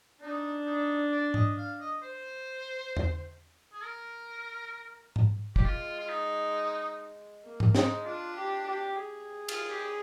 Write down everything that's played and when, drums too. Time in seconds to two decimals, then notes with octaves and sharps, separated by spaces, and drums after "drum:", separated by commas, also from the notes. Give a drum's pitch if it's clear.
0.21 D4 D#4
0.67 D#4
1.12 D5
1.34 D#5, drum: tom G#2
1.57 F5
1.80 D#5
2.03 C5
2.97 drum: tom E2
3.73 G#4
3.84 A#4
5.16 drum: tom G#2
5.56 G4, drum: kick
5.64 G#3 F4
5.99 F4
6.09 D#4
7.45 A#3
7.60 drum: tom G#2
7.75 G#3 D#4, drum: snare
8.05 D4 F4
8.35 G4
8.66 G4
8.96 G#4
9.48 F4, drum: cymbal
9.70 G4